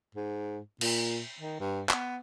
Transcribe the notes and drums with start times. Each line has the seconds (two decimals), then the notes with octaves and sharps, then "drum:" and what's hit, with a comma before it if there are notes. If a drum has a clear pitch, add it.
0.15 G#2
0.81 A#2, drum: cymbal
1.40 D#3
1.60 G2
1.89 B3, drum: clap